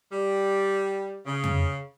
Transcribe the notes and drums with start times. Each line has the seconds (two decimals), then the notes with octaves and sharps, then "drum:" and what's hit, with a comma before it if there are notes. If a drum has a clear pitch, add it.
0.12 G3
1.26 C#3
1.44 drum: tom F2